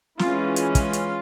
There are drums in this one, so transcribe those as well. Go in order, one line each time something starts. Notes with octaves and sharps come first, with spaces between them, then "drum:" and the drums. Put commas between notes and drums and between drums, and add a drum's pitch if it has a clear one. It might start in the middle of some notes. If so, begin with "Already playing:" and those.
E3 G#3 C#4 F4, drum: snare
drum: hi-hat
F4, drum: kick, hi-hat
drum: hi-hat